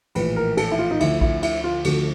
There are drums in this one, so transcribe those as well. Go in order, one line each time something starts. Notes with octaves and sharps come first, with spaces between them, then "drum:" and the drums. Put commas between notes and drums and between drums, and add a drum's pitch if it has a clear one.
A#1 A2 E3 B4, drum: cymbal
A#4
A4, drum: cymbal
E4
F4
D#4
D2 D3 F3 E4, drum: cymbal
E4, drum: kick A#1
E4, drum: cymbal
F4
D2 D3 F3 F#4, drum: cymbal